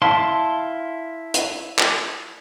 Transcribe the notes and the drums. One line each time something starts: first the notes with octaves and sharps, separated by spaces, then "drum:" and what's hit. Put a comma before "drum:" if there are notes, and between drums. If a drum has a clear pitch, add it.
E4 F5 A5 C6
drum: hi-hat
drum: clap